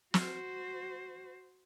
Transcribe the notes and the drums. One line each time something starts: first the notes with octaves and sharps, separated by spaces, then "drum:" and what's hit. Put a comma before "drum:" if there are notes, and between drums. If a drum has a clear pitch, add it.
F#4 C5, drum: snare